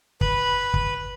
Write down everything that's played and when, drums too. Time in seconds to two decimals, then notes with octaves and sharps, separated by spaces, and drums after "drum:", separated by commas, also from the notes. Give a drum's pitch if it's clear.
0.21 B4 B5, drum: kick
0.74 drum: kick